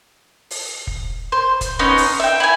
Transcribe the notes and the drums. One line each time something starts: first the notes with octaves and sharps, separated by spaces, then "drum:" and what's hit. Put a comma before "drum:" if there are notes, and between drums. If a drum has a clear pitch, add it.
drum: open hi-hat
drum: kick
C5
drum: kick, hi-hat
B3 C#4 D#4 C6
drum: open hi-hat
E5 G5
E4 G#5